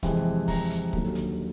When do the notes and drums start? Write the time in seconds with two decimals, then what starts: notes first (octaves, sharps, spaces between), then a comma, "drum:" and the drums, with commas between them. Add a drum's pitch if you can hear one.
0.03 F2 C3 E3 G#3, drum: kick, hi-hat
0.48 A#5, drum: kick, open hi-hat
0.70 drum: hi-hat
0.93 D#2 D3 F#3 A#3, drum: kick
1.15 drum: hi-hat